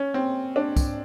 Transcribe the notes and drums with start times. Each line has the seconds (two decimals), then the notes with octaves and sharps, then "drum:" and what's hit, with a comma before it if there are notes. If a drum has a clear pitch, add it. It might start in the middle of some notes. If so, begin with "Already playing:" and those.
Already playing: C#4
0.14 C4
0.56 D4
0.76 drum: kick, tambourine